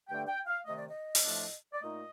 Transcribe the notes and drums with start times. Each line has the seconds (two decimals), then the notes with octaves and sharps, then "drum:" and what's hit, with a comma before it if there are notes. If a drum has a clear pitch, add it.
0.09 G2 D3 A3 D4 G5
0.28 G5
0.47 F5
0.66 C3 D#3 A3 D#5
0.76 D5
0.88 D#5
1.15 drum: open hi-hat
1.24 A2 F3 A3 D4 F4
1.74 D5
1.82 A#2 A3 D#4 D#5